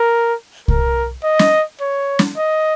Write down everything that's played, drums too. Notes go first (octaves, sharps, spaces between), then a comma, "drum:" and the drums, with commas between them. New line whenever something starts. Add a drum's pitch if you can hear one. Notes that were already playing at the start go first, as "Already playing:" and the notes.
Already playing: A#4
A#4, drum: kick C2
D#5
drum: snare
C#5
drum: snare
D#5